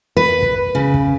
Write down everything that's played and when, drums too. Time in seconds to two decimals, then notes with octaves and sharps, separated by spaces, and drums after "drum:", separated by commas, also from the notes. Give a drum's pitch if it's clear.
0.17 B4
0.42 drum: kick
0.75 C#3
0.94 drum: kick